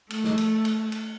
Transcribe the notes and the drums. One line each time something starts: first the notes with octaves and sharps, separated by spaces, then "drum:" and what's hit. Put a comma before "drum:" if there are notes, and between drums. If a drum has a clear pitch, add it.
A3, drum: cymbal
drum: snare
drum: cymbal
drum: cymbal
drum: cymbal